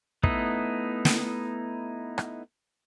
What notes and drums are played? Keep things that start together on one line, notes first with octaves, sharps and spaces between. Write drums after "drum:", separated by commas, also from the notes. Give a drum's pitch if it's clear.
A3 B3 D#4 E4, drum: kick
drum: snare
drum: rim click